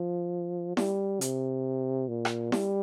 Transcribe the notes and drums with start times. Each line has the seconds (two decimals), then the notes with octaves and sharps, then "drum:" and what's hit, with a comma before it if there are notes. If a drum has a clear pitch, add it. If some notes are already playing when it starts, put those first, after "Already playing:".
Already playing: F3
0.77 G3, drum: snare E4
1.21 C3, drum: hi-hat
2.08 A#2
2.25 drum: rim click
2.52 G3, drum: snare E4